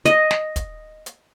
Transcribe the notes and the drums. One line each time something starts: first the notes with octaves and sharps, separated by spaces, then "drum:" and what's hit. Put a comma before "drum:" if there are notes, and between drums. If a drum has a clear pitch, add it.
D#5, drum: hi-hat
drum: snare
drum: kick, hi-hat
drum: hi-hat